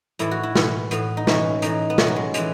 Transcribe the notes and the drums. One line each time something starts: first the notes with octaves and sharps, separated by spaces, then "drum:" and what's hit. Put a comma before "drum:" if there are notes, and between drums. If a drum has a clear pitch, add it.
A2 E3 E4, drum: hi-hat
F#4
E4
A2 E3, drum: snare
A2 E3 B3, drum: hi-hat
D#4
A2 E3 C#4, drum: snare
A2 E3 D#4, drum: hi-hat
B3
A2 E3 C#4, drum: snare
F#3
G#3
A2 E3 G#3, drum: hi-hat